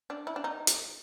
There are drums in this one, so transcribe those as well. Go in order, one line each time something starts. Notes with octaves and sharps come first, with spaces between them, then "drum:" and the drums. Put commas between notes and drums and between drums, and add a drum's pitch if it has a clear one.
D4
E4
D4
D#4
drum: hi-hat